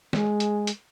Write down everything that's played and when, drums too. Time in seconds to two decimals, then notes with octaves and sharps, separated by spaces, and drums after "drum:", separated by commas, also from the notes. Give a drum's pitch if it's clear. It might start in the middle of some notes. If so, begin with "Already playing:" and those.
0.13 G#3, drum: snare
0.40 drum: hi-hat
0.67 drum: hi-hat